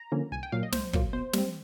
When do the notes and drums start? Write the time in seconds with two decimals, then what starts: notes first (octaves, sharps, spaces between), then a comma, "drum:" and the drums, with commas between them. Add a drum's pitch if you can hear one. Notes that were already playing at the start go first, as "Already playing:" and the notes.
Already playing: A#5
0.12 D3 F3 A#3 C#4
0.32 C2 G#5
0.43 G5
0.52 A#2 F#3 A#3 F5
0.63 D#5
0.72 C2 C5, drum: snare
0.93 A#2 F#3 A#3, drum: kick
1.13 B2 C5
1.33 G3 C4, drum: snare